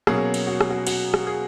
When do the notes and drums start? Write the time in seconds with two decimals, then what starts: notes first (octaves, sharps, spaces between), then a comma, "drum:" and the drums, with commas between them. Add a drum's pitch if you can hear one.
0.07 B2 F#3 A#3 C#4 G#4, drum: rim click
0.34 drum: cymbal
0.47 F#4
0.61 drum: rim click
0.70 F#4
0.87 F#4, drum: cymbal
1.14 drum: rim click
1.27 G#4